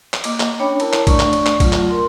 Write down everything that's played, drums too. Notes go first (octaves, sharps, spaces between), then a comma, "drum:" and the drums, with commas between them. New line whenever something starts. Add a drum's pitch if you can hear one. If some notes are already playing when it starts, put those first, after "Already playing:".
drum: clap
A#3 D#5 D6, drum: cymbal
drum: clap
C#4 D4 C#5 G5 B5 D6
E4 A#4 C#5 A5 A#5, drum: cymbal
drum: clap
A3 D4 D5 C#6, drum: kick, cymbal
drum: clap
drum: cymbal
drum: clap
F#3 A3 F4, drum: kick, cymbal
drum: clap
A#4 C6